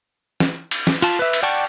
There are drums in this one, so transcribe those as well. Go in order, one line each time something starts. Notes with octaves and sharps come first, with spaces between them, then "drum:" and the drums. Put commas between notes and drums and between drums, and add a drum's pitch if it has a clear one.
drum: snare
drum: cymbal
drum: snare
F4 A5, drum: cymbal
B4 E5
drum: cymbal
D5 F#5 G5 A5 C#6